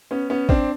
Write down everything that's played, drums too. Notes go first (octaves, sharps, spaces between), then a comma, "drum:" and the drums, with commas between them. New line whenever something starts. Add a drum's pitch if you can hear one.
B3 C#4
B3 C#4
C4 D4, drum: kick G#1